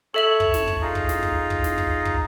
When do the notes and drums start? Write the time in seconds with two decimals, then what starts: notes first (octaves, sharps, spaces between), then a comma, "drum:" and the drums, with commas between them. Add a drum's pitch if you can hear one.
0.14 A4 C#5 E5 A5 C#6 F#7
0.40 drum: kick
0.54 drum: snare
0.68 drum: kick
0.81 D#4 F4 G#4
0.95 drum: kick
1.09 drum: snare
1.23 drum: kick
1.50 drum: kick
1.64 drum: snare
1.78 drum: kick
2.05 drum: kick